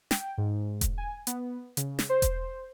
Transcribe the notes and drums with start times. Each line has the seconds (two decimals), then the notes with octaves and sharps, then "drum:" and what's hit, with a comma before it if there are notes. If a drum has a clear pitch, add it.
0.11 G5, drum: snare
0.38 G#2
0.81 drum: kick E1, hi-hat
0.98 G#5
1.27 B3, drum: hi-hat
1.77 C#3, drum: hi-hat
1.99 drum: snare
2.09 C5
2.22 drum: kick E1, hi-hat